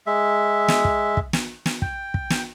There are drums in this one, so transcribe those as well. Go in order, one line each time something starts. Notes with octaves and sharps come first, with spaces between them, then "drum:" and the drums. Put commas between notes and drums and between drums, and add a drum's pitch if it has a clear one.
G#3 E5
drum: snare
drum: kick
drum: kick
drum: snare
drum: snare
G5, drum: kick
drum: kick
drum: snare